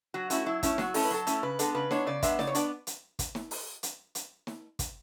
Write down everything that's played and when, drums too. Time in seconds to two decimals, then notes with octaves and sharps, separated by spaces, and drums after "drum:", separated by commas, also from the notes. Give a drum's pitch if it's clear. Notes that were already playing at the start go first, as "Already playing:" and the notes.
0.14 F#3 F#4
0.30 A3 C#4 E4 F#4, drum: hi-hat
0.46 F#3 E4
0.63 A3 C#4 E4, drum: kick, hi-hat
0.78 F#3 F#4, drum: snare
0.94 A3 C#4 E4 A4, drum: open hi-hat
1.05 B4
1.11 F#3 A4
1.27 A3 C#4 E4, drum: hi-hat
1.43 C#3 B4
1.59 G#3 B3 D4 A4, drum: hi-hat
1.75 C#3 B4
1.91 G#3 B3 D4 C#5, drum: snare
2.07 C#3 D5
2.22 G#3 B3 D4 E5, drum: kick, hi-hat
2.39 C#3 D5, drum: snare
2.47 C#5
2.55 B3 D4 D5, drum: hi-hat
2.87 drum: hi-hat
3.19 drum: kick, hi-hat
3.35 drum: snare
3.51 drum: open hi-hat
3.83 drum: hi-hat
4.15 drum: hi-hat
4.47 drum: snare
4.79 drum: kick, hi-hat